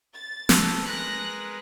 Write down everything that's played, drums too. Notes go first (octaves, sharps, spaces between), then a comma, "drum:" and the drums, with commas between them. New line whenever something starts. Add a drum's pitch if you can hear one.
A6
A4 B4 A#5, drum: snare
G#3 A#4 B4 F#6 A#6